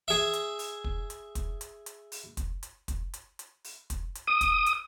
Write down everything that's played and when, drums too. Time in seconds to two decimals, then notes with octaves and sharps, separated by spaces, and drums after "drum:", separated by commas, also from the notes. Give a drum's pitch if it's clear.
0.08 G#4 E5
0.33 drum: hi-hat
0.59 drum: open hi-hat
0.84 drum: kick
1.10 drum: hi-hat
1.35 drum: kick, hi-hat
1.61 drum: hi-hat
1.86 drum: hi-hat
2.12 drum: open hi-hat
2.37 drum: kick, hi-hat
2.63 drum: hi-hat
2.88 drum: kick, hi-hat
3.14 drum: hi-hat
3.39 drum: hi-hat
3.64 drum: open hi-hat
3.90 drum: kick, hi-hat
4.15 drum: hi-hat
4.27 D#6
4.41 drum: kick, hi-hat
4.66 drum: hi-hat